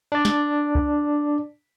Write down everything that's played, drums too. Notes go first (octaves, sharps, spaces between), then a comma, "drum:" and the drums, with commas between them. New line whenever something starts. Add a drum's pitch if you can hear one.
D4 D5
drum: snare
drum: kick C#2